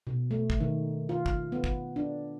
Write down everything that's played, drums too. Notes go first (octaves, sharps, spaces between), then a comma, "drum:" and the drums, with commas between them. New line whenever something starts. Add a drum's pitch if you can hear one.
B2
A3
drum: kick
D#3
F4
drum: kick
B3
drum: kick
D4